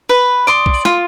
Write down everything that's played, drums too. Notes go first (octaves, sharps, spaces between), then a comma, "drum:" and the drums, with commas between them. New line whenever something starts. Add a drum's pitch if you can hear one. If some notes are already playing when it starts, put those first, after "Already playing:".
B4
D5 C6 D#6
drum: kick
F4, drum: snare